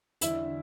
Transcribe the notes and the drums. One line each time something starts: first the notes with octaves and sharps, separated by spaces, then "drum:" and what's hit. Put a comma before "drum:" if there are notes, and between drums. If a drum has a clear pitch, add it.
E1 E2 D3 G3 C4 E4, drum: hi-hat